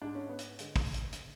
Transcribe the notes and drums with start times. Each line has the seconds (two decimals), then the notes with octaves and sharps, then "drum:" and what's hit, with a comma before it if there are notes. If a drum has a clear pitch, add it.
0.02 G#2 G#3 D4
0.15 C#4
0.29 B3
0.39 drum: hi-hat
0.59 D3 G#3, drum: hi-hat
0.76 drum: kick, open hi-hat
0.94 drum: hi-hat
1.13 drum: hi-hat